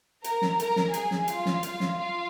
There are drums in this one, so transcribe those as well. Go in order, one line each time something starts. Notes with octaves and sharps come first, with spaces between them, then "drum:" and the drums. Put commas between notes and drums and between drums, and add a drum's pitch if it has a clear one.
A#4 A#5, drum: hi-hat
drum: snare
A#4 A#5, drum: hi-hat
drum: snare
G#4 G#5, drum: hi-hat
drum: snare
F4 F5, drum: hi-hat
drum: snare
drum: hi-hat
drum: snare
F4 F5